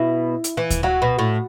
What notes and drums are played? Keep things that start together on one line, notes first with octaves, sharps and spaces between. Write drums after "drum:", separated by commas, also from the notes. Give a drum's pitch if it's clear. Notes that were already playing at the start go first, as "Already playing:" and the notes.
Already playing: B2 E4 E5
drum: hi-hat
E3
drum: kick D2, hi-hat
F#3 F#4 F#5
B2
A2